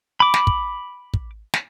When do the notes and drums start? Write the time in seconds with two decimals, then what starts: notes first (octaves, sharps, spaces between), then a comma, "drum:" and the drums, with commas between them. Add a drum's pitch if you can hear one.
0.20 B5 D6
0.34 drum: snare
0.47 drum: kick
1.14 drum: kick
1.54 drum: snare